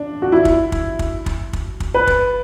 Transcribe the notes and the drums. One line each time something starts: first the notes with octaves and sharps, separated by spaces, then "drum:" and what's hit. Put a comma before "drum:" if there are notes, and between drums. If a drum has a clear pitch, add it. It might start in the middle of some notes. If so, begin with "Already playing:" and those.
Already playing: D4
F#4
E4
drum: kick
drum: kick
drum: kick
drum: kick
drum: kick
drum: kick
B4
drum: kick